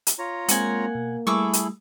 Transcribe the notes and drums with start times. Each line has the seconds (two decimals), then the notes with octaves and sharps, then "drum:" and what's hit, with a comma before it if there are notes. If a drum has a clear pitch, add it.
0.07 drum: hi-hat
0.19 F4 C#5 A#5
0.49 G#3 A#3 C4 F#5 G#5, drum: hi-hat
0.95 B2
1.27 G3 A3 E4 G#4 A4 C#6 D6 E6
1.53 drum: hi-hat